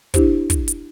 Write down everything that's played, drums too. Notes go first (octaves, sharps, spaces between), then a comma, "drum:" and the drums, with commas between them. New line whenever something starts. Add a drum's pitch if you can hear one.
D4 E4 G4 C5, drum: kick, hi-hat
drum: kick, hi-hat
drum: hi-hat